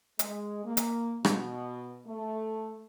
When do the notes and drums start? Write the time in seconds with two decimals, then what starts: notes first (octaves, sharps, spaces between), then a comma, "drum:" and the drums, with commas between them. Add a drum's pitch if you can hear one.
0.19 G#3, drum: hi-hat
0.64 A#3
0.77 drum: hi-hat
1.25 B2, drum: rim click
2.06 A3